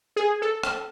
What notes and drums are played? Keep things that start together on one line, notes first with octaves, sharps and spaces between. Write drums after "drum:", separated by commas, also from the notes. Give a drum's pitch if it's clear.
G#4
A4
drum: rim click